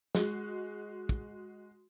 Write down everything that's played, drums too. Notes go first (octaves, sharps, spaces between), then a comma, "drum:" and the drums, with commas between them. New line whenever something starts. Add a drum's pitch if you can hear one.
G#3 F#4, drum: snare
drum: kick